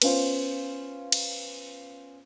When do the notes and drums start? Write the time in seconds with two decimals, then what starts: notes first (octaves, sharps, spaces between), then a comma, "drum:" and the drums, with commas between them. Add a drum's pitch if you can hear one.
0.02 B3 C#4 F4 C5, drum: cymbal
1.12 drum: cymbal